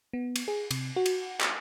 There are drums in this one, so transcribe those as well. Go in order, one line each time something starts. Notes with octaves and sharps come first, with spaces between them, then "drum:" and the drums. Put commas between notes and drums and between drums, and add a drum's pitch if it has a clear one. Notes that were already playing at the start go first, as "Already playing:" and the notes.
B3
drum: cymbal
G#4
C3, drum: cymbal
F#4
drum: cymbal
drum: clap